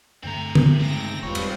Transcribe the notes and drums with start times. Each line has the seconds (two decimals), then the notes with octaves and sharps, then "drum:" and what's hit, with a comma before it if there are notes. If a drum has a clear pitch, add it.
0.24 G2 D3 A3 C4 A#5
0.55 drum: tom
0.80 G#2 C#3 A#6
1.23 F1 E2 G#2 G3 C4 F4 B4 C#5
1.35 drum: cymbal